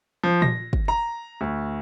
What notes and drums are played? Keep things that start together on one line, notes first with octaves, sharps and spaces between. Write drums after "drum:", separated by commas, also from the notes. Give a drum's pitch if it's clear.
F3
A#6, drum: tom A#2
drum: kick
A#5
D2